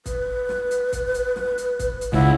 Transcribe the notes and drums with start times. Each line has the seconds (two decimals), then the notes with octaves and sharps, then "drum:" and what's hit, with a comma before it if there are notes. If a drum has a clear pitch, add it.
0.06 B4, drum: kick, hi-hat
0.49 drum: snare
0.71 drum: hi-hat
0.92 drum: kick, hi-hat
1.14 drum: hi-hat
1.36 drum: snare
1.58 drum: hi-hat
1.79 drum: kick, hi-hat
2.01 drum: hi-hat
2.13 C#2 E4 F#5